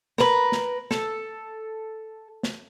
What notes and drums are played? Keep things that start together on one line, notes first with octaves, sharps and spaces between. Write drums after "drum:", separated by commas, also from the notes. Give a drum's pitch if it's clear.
A#4 B4, drum: snare
drum: snare
A4, drum: snare
drum: snare